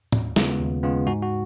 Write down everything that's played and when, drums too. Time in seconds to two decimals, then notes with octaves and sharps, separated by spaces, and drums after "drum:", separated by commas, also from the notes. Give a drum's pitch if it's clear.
0.12 D#2, drum: tom
0.36 C#3 G#3 B3 F4, drum: snare
0.60 D#2
0.83 C#3 G#3 B3 F4
1.07 G#2 F#4
1.23 F#4